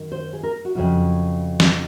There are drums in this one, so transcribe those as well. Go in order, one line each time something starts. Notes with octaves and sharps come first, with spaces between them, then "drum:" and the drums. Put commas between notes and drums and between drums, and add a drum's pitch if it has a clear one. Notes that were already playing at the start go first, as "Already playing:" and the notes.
Already playing: F#2 D#3
C5
G#4
A#4
F#4
F2 C#3 F#3 F4
D#4, drum: snare